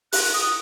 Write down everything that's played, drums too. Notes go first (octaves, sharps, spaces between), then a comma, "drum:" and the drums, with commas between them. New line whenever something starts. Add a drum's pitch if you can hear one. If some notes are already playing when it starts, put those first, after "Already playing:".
F#6, drum: open hi-hat
D#6